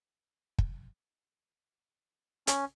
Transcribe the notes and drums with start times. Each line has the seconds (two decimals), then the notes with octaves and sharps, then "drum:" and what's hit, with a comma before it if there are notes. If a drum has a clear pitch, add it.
0.58 drum: kick
2.47 C#4, drum: hi-hat